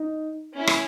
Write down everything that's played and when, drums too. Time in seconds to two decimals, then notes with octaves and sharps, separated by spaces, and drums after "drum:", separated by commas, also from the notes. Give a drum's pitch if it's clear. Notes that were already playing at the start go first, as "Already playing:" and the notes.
Already playing: D#4
0.55 C#4 E4
0.67 drum: rim click